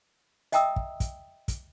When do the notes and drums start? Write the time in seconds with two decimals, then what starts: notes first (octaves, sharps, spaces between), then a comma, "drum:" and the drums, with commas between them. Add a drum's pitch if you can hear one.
0.52 D#5 E5 G5 A#5 D#6 E6, drum: hi-hat
0.76 drum: kick
1.00 drum: kick, hi-hat
1.48 drum: kick, hi-hat